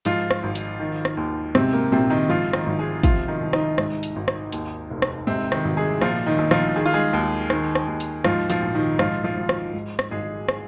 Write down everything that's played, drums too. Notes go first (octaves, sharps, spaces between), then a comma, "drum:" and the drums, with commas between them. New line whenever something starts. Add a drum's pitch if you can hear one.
G#2 F3 F4, drum: hi-hat
drum: rim click
G#1
drum: hi-hat
D#3
drum: rim click
D#2
G#2 C3 C4, drum: rim click
A#3
A#1 C3 C4
D#3 D#4
G#2 F3 F4
D#3 D#4, drum: rim click
G#1
G#3 G#4
C3 F3 F4, drum: kick, hi-hat
D#3 D#4
C2
D#3 D#4, drum: rim click
G#2, drum: rim click
drum: hi-hat
G#1
drum: rim click
D#2, drum: hi-hat
F1
drum: rim click
G#2 C3 C4
D#3 D#4, drum: rim click
G#1
G#3 G#4
A#2 F3 F4, drum: rim click
D#3 D#4
A#1
F3 F4, drum: rim click
D#3 G#4
F4
G#3 G#4
D#2
D#3, drum: rim click
drum: rim click
D#2
drum: hi-hat
G#2 F3 F4, drum: rim click
F3 F4, drum: hi-hat
A#1
D#3 D#4
G#2 F3 F4, drum: rim click
F3 F4
G#1
drum: rim click
G#2
drum: rim click
G#1 G#3 G#4
drum: rim click